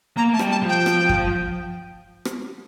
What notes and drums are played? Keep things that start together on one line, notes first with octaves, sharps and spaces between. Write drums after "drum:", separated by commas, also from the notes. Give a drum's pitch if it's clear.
A#3 A#5
A3 A5
G3, drum: rim click
A5
F3
G5
drum: rim click
drum: kick F#2
drum: rim click